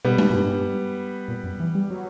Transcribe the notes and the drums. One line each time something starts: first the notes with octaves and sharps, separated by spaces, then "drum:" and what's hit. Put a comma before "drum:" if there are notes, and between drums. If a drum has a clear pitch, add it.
B2 G3 B3
drum: tom G#3
A#2
G2
A#2
F#2
E3
G3
F#3